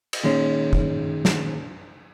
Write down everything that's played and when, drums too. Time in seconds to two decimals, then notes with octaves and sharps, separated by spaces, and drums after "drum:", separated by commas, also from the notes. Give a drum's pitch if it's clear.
0.13 drum: cymbal
0.24 A#2 D#3 G#3 C#4
0.73 drum: kick
1.25 drum: snare